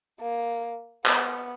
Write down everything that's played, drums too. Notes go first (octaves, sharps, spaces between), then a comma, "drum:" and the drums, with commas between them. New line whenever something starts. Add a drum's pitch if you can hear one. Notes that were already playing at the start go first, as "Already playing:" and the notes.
A#3
B3, drum: clap